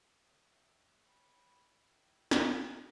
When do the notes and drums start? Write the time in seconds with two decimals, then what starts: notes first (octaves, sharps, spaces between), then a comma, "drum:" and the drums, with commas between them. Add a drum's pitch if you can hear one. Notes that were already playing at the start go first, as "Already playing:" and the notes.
0.18 D#3 C#4 D#5 E5
0.99 B4 C#5 G5 G#5 B5
1.81 D#3 E4
2.31 drum: snare